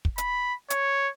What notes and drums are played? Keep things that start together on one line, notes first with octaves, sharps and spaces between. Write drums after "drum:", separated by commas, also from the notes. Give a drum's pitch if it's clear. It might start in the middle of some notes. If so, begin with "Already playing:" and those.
drum: kick
B5, drum: hi-hat
C#5, drum: hi-hat